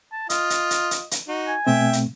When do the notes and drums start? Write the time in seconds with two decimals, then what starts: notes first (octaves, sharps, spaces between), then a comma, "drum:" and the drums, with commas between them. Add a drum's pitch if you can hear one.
0.12 A5
0.30 F4 D#5, drum: hi-hat
0.50 drum: hi-hat
0.71 drum: hi-hat
0.91 drum: hi-hat
1.11 drum: hi-hat
1.28 D#4 F#4
1.48 G#5
1.67 B2 A3 C4 E5 G5
1.93 drum: hi-hat